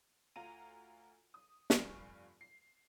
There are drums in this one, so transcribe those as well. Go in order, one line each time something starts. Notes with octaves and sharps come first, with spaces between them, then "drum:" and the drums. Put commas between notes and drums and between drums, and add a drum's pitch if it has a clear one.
D2 F4 A#5 D#7
D#6
F1 G2 F4 F5 G#5 C#6, drum: snare
C7